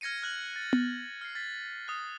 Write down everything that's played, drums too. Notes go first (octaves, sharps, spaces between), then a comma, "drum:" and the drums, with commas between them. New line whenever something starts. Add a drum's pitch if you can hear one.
F6 G#6 A#6 C#7 D#7
F6 F#6 F#7
F#6 A6
drum: tom B3
F6 C7
A6 B6
D#6 F#6